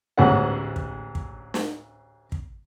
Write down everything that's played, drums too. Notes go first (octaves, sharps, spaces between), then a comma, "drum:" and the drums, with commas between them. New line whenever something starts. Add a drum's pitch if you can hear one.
A1 D2 G#2 B3 C#4 F#5
drum: kick
drum: kick
drum: snare
drum: kick